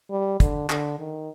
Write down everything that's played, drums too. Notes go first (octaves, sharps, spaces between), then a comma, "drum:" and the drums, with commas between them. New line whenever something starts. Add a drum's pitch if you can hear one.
G3
D3, drum: kick, hi-hat
D3, drum: clap
D#3